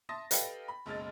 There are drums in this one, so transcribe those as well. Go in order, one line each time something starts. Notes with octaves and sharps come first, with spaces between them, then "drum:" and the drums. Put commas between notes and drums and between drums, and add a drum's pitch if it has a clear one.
E5 A5 C6 D#6 A6 A#6
G4 A4 B4 D#5 F5 G5, drum: hi-hat
B5
F#1 B1 G#3 F6 A6